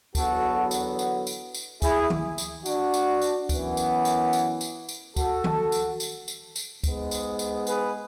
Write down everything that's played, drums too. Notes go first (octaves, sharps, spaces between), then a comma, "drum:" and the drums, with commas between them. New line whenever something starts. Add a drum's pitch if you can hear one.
E2 D3 F#3 B3 F#4 A4, drum: kick, tambourine
drum: tambourine
drum: tambourine
drum: tambourine
drum: tambourine
E4 G#4, drum: kick, tambourine
drum: tom D#3
drum: tambourine
D4 F#4, drum: tambourine
drum: tambourine
drum: tambourine
F#2 E3 B3, drum: kick, tambourine
drum: tambourine
drum: tambourine
drum: tambourine
drum: tambourine
drum: tambourine
F#4 A4, drum: kick, tambourine
drum: tom D#3
drum: tambourine
drum: tambourine
drum: tambourine
drum: tambourine
G#2 G#3 B3, drum: kick, tambourine
drum: tambourine
drum: tambourine
G#4 B4, drum: tambourine